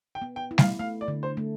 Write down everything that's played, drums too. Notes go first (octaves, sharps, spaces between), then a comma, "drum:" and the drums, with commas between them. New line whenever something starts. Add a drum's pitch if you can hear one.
G5
B3
G5
E4
F5, drum: snare
A3 F5
D5
D3
C5
A3